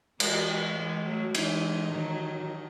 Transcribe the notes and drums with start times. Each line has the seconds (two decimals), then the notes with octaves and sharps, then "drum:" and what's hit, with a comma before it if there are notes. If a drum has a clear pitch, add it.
0.20 E3 G#3, drum: cymbal
0.77 E3 G#3
1.06 F#3 A3
1.35 E3 G#3, drum: cymbal
1.92 D#3 F#3